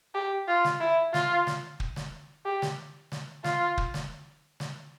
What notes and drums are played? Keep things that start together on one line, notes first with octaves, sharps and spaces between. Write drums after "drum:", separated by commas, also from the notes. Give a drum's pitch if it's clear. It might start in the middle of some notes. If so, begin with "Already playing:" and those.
G4
F4
drum: snare
E4
F4, drum: snare
drum: snare
drum: kick
drum: snare
G4
drum: snare
drum: snare
F4, drum: snare
drum: kick
drum: snare
drum: snare